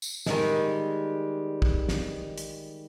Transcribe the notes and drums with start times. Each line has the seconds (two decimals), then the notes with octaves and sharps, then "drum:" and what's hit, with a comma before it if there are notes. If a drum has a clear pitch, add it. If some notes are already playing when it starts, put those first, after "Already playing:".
0.02 drum: tambourine
0.26 D#3 G3 G#3, drum: snare
1.62 drum: kick
1.89 drum: snare
2.38 drum: hi-hat